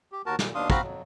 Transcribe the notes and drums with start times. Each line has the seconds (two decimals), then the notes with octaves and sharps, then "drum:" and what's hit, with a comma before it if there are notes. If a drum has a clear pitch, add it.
0.12 G4
0.26 D#2 F#4 A#4 A5
0.39 A#2, drum: snare
0.55 D#2 B2 D4 F5 C6 D#6
0.70 C4 F#4 F5 A#5 B5 F6, drum: kick
0.82 F2 F#3